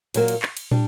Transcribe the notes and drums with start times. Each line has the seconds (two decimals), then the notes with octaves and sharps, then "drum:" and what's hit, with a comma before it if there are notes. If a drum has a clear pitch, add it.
0.14 A#2 F#3 A#3, drum: cymbal
0.28 drum: cymbal
0.42 drum: clap
0.57 drum: cymbal
0.71 G3 D4, drum: tom